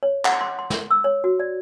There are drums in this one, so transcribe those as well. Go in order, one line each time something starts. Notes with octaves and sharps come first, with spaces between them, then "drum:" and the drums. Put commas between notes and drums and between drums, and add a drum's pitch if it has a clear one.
C#5
F#5, drum: clap
C6
C6
drum: snare
E6
C#5
F#4
D5